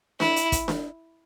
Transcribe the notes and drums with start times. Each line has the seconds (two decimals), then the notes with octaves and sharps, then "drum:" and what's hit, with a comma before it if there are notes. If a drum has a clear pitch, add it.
0.20 E4, drum: snare D4
0.36 drum: hi-hat
0.52 drum: kick, hi-hat
0.68 drum: snare D4